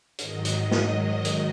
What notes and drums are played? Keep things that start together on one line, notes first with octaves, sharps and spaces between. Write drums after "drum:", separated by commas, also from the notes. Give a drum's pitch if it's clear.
G#2 D#3 F#3 D#5, drum: hi-hat
drum: hi-hat
D#5
drum: snare
D#5
drum: hi-hat